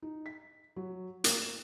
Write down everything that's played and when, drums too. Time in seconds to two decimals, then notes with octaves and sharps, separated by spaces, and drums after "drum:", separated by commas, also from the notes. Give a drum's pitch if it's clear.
0.02 D#4
0.26 B6
0.76 F#3
1.24 A#3, drum: hi-hat
1.42 E7